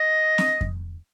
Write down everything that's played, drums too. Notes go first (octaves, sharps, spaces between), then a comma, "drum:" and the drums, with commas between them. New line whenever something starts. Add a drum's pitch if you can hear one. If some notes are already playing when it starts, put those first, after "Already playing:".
Already playing: D#5
drum: snare
drum: kick F2